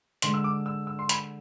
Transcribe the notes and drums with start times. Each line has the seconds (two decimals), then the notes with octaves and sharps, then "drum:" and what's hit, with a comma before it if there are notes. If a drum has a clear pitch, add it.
0.22 D3 G#3 C6, drum: hi-hat
0.34 E6
0.44 D6
0.66 E6
0.87 E6
0.99 C6
1.09 B5, drum: hi-hat